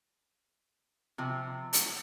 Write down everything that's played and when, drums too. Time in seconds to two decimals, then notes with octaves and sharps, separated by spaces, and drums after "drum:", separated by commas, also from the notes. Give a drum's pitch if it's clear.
1.18 C3 F3
1.73 drum: hi-hat